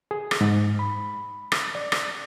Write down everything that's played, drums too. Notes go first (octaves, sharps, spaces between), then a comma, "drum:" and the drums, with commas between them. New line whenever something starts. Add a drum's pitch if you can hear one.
G#4
drum: rim click
G#2
B5
drum: rim click
D5
drum: rim click